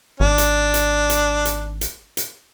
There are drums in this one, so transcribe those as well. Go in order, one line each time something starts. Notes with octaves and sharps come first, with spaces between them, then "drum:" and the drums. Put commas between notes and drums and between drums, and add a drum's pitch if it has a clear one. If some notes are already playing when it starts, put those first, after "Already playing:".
G#1 D4
drum: hi-hat
drum: hi-hat
drum: hi-hat
drum: hi-hat
drum: hi-hat
drum: hi-hat